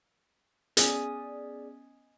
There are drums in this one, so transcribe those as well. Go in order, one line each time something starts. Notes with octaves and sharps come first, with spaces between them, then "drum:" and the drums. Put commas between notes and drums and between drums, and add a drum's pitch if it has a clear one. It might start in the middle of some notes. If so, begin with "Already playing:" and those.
B3 C#4 G#4 D5 D#5 G#5, drum: hi-hat